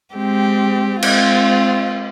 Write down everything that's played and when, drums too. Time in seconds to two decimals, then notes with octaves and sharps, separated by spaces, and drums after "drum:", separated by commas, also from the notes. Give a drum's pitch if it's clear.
0.14 G#3 C4 G4
1.02 G#3 C4 F4, drum: cymbal